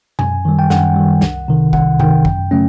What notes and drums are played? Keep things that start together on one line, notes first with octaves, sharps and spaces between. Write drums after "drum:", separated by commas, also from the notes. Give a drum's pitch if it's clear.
F#2 G#5, drum: tom B2
D#3 G3
G5
F#2 F#5, drum: snare
D#3 G3
C2, drum: snare
C3 D#3
C2 F#5, drum: kick
C3 D#3 G5, drum: tom G2
F#2, drum: kick
C#3 F#3 A3 C#4